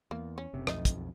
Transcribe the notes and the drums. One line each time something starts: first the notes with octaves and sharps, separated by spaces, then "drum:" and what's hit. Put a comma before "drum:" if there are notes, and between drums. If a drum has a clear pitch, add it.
E2 A#3
C#4
F#1 C3
B1 F2 A3 D#4 D#5, drum: rim click
drum: kick, hi-hat